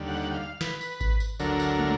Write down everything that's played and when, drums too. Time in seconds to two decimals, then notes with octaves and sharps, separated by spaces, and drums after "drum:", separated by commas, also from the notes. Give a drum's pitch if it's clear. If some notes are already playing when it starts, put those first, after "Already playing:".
Already playing: D#2 D3 G3
0.08 F#5
0.34 F5
0.61 B4, drum: snare
0.81 drum: tambourine
1.01 drum: kick G#1, tambourine
1.20 drum: tambourine
1.39 D2 D3 F#3 A#4, drum: tambourine
1.60 drum: tambourine
1.79 drum: tom